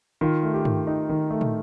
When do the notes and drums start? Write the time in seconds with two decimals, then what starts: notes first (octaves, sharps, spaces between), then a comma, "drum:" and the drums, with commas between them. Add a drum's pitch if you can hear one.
0.21 D#3 F4
0.43 A3
0.54 G4
0.65 D#3, drum: tom G2
0.87 D#4
1.09 D#3
1.31 A3
1.41 drum: tom